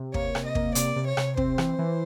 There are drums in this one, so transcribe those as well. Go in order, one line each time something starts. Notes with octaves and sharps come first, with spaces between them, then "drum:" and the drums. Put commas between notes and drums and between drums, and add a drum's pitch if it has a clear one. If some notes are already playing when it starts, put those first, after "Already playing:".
Already playing: C3
A#3 C#5, drum: kick
C3, drum: rim click
D#5
A#3, drum: kick
C3 D5, drum: hi-hat
C3
C#5
C3, drum: rim click
C4 C5, drum: kick
E3, drum: rim click
E3